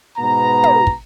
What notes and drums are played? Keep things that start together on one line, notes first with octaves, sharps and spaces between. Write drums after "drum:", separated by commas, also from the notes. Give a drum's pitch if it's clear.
G#2 B2 B3 A#5
drum: tom
drum: kick